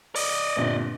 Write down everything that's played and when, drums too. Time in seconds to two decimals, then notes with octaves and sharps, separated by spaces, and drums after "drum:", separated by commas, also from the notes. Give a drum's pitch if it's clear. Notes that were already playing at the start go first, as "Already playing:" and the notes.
0.15 D5 D#5, drum: open hi-hat
0.56 G1 A#2 C4